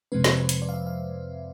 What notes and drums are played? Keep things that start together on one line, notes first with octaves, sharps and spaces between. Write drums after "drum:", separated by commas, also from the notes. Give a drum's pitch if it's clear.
F2 C3 F3 G#3 C4 B4
C5, drum: snare
B4
B4, drum: hi-hat
D5
F5
E5
F5